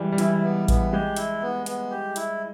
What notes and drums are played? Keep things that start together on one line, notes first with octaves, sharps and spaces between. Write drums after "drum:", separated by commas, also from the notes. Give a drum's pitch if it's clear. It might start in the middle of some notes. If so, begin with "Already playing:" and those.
Already playing: E3 G3 G#3
G3
E3 E4, drum: hi-hat
B3
B3, drum: kick A1, hi-hat
G#3 G4
E4, drum: hi-hat
B3
B3, drum: hi-hat
G4
E4, drum: hi-hat